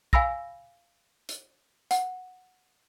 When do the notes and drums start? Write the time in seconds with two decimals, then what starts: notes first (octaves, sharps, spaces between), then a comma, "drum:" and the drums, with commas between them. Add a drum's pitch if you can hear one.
0.13 F5 G#5 B5 E6 A#6, drum: kick
1.29 drum: hi-hat
1.91 F#5, drum: hi-hat